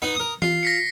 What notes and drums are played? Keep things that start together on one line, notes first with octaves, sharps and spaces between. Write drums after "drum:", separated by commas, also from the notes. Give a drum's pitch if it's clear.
B3 D#4 B4
A#4 D#6
F4 C7, drum: tom E3
A#6 B6 C#7